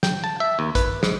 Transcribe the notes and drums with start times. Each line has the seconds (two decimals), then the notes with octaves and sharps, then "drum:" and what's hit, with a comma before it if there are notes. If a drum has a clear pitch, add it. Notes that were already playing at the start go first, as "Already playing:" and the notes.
0.03 G5, drum: snare
0.24 A5
0.40 E5
0.59 D#2
0.75 B4, drum: kick, hi-hat
1.03 G#2, drum: snare